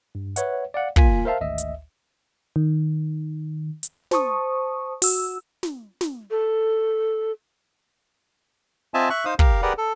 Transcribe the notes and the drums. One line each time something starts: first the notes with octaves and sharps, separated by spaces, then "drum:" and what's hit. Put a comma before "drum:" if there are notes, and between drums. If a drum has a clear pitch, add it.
G2
B4 C#5 E5 F#5, drum: hi-hat
D5 F5 F#5
G1 A#3 F4 G#5 B6, drum: kick
A#4 C5 E5 F5 A5
G#1 D2 D#5 E5
drum: hi-hat
D#3
drum: hi-hat
C5 A5 C#6 D#6, drum: snare
F#4 E6, drum: open hi-hat
drum: snare
drum: snare
A4
C4 F4 D#5 E5 G#5 A5
E5 C#6 F#6
D#4 C5 F5 D#6
G4 A#4 F5, drum: kick
G4 G#4 A#4 B4 D5 F#5
A4